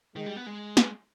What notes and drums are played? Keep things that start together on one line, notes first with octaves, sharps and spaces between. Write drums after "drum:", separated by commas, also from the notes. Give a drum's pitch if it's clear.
D#3 G#3
G3
B3
G#3
B3, drum: snare